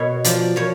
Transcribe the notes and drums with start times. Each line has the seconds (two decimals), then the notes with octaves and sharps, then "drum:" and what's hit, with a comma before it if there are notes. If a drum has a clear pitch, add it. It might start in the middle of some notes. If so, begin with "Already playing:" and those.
Already playing: B2 C#5
0.24 F3 D5, drum: hi-hat
0.56 F3 C#5